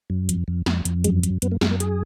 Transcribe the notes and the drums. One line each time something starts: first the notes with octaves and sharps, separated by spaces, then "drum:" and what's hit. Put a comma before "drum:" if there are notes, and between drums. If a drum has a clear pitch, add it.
F#2
F2, drum: hi-hat
F2
F2, drum: snare
F2, drum: hi-hat
F#2 G#3, drum: hi-hat
F#2, drum: hi-hat
F#2 B3, drum: hi-hat
A#3
F#2 G#3, drum: snare
A#3
G#4, drum: hi-hat